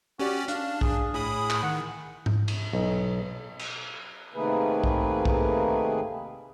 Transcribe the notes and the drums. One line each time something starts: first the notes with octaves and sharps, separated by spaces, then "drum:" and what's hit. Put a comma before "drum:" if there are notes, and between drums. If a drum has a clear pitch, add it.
C#4 F#4 G4 D5
D4 F5, drum: hi-hat
G#4, drum: kick
A2 G#4 B5 D#6
drum: clap
D#3 F#5
drum: tom G#2
drum: cymbal
B1
drum: cymbal
C3 D#3 A3 A#3 G#4 B4
drum: kick
drum: kick